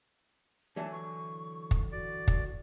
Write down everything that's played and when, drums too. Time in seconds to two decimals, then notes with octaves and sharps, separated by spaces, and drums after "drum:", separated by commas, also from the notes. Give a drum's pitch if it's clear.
0.76 D3 E3 F#3 A5
0.92 C#6
1.71 drum: kick
1.92 F#4 D5
2.28 drum: kick